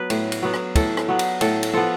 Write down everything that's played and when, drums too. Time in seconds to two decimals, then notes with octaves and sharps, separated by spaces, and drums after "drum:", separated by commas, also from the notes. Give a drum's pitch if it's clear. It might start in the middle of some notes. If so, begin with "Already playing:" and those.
Already playing: F#3 B3 B4
0.10 A2, drum: cymbal
0.32 drum: cymbal
0.43 F#3 B3
0.54 drum: rim click
0.75 A2 A4, drum: kick, cymbal
0.97 drum: rim click
1.08 F#3 B3
1.19 drum: cymbal
1.41 A2 A4, drum: cymbal
1.63 drum: cymbal
1.74 F3 B3 A4